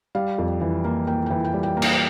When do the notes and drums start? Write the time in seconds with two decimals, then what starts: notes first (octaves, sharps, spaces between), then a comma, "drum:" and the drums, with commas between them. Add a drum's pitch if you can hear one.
0.15 G3 F5
0.38 F2
0.61 E3
0.85 A#3
1.07 A#3 G5
1.26 E3 G5
1.45 G5
1.54 G3
1.63 G5
1.77 A#3
1.82 G5, drum: cymbal